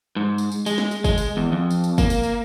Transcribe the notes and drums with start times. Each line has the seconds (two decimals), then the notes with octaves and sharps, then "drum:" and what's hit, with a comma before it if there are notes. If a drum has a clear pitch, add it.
0.16 G#2
0.38 drum: tambourine
0.52 drum: tambourine
0.66 G#3, drum: tambourine
0.78 drum: snare
0.91 drum: tambourine
1.04 G#3, drum: kick, tambourine
1.18 drum: tambourine
1.37 E2
1.52 F2
1.71 drum: tambourine
1.84 drum: tambourine
1.98 A#3, drum: kick, tambourine
2.10 drum: tambourine
2.23 drum: tambourine